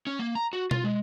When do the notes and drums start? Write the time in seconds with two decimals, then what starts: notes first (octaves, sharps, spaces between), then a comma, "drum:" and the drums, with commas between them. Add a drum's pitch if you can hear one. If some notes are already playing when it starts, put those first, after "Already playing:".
0.07 C#4
0.19 A#3
0.35 A#5
0.53 F#4
0.71 F4, drum: tom B2
0.84 G#3